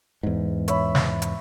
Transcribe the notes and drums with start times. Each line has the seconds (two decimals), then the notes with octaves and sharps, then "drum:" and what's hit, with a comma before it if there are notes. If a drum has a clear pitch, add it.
0.23 E2 G#2
0.68 C#5 E5 B5, drum: hi-hat
0.95 drum: snare
1.22 drum: hi-hat